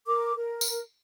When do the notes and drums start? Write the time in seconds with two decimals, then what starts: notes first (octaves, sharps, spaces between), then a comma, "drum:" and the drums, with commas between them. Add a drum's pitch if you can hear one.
0.06 A#4 D6
0.36 A#4
0.61 drum: tambourine